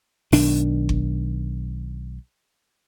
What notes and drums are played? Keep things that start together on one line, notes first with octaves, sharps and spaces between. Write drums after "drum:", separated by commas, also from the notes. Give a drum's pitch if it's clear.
B1 D#3 D4, drum: open hi-hat
drum: kick G1